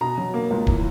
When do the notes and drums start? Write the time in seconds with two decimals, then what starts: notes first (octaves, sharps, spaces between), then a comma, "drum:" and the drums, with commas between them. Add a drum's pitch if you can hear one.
0.01 B2 A#5
0.18 F#3
0.34 A#3
0.51 C#2
0.67 E3, drum: kick D1